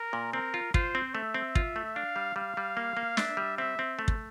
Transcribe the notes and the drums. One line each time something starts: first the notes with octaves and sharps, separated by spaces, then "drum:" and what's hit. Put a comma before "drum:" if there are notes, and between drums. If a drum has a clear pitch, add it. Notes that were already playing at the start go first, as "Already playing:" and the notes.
Already playing: A#4
A#2
C4 A#4
F4
F4 C5, drum: kick
C4
A3 E5
C4
F4, drum: kick
A3
D4 F5
G3
G3 F5
G3
A#3
A#3
D4 E5, drum: snare
G3
C4 E5
C4
A3
drum: kick